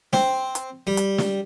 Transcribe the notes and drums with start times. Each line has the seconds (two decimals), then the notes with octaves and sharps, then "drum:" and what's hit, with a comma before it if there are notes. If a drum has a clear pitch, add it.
0.13 C4, drum: snare
0.55 drum: hi-hat
0.87 G3
0.97 drum: hi-hat
1.18 drum: snare